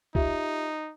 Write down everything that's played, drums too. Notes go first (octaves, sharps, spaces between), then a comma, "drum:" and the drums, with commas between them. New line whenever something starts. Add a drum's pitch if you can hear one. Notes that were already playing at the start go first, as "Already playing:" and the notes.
D#4 F4 G4 E5, drum: kick C2